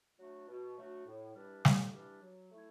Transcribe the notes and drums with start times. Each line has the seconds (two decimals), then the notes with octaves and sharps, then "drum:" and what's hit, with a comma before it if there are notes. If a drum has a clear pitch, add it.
0.19 F#3 A3 D4 F#4
0.48 B2
0.78 F#3 A3 D4 F#4
1.06 A2
1.36 E3 G3 D4 G4
1.65 A2, drum: snare
1.93 E3 G3 D4 G4
2.22 F#3
2.51 A3 E4